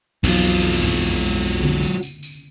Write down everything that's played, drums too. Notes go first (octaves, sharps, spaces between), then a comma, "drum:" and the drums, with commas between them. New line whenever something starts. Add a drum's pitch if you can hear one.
B1 F2 F#3 F4, drum: tambourine
drum: tambourine
drum: tambourine
drum: tom G2
drum: tambourine
drum: tambourine
drum: tambourine
drum: tom D3
drum: tambourine
drum: tambourine
drum: tambourine